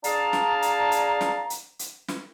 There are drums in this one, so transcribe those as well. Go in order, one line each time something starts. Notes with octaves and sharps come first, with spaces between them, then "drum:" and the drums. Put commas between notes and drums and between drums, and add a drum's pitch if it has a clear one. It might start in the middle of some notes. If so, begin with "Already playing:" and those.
D4 G#4 D5 F5 A5 A#5, drum: hi-hat
drum: snare
drum: hi-hat
drum: hi-hat
drum: snare
drum: hi-hat
drum: hi-hat
drum: snare